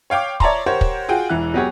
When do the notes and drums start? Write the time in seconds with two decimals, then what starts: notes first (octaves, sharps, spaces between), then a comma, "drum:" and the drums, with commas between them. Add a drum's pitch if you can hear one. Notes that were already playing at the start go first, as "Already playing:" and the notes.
0.10 C#5 F5 G5 D6
0.40 C#5 D5 E5 A5 A#5 C6, drum: kick
0.66 G4 A#4 C5 C#5 F#5
0.81 drum: kick
1.09 F4 F#4 G#4 F#5 G5
1.29 E1 E3 F#6
1.54 F#3 B3 G4 G#4 C#5